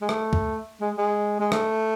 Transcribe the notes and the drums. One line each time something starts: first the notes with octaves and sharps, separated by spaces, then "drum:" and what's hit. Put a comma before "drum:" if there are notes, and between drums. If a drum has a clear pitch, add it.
G#3
A3, drum: rim click
drum: kick
G#3
G#3
G#3
A3, drum: rim click